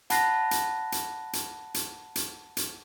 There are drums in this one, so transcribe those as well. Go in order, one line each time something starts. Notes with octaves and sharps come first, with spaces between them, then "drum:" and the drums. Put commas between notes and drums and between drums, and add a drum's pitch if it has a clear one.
F#5 A5 B5 F#6 A#6 C7, drum: hi-hat
drum: hi-hat
drum: hi-hat
drum: hi-hat
drum: hi-hat
drum: hi-hat
drum: hi-hat